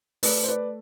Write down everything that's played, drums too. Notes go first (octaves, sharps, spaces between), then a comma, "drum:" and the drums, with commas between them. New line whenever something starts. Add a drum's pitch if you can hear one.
A3 B4 D5, drum: open hi-hat
C5
B4 D5